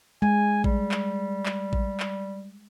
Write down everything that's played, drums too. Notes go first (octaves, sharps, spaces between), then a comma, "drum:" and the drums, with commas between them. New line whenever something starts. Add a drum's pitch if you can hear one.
G#3 G#5
G3, drum: kick A1
drum: clap
drum: clap
drum: kick A1
drum: clap